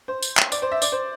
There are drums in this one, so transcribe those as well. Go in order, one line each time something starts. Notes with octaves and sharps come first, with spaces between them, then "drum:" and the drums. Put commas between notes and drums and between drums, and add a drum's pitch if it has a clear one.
C5
drum: tambourine
drum: clap
D5, drum: tambourine
C5
E5
D5, drum: tambourine
C5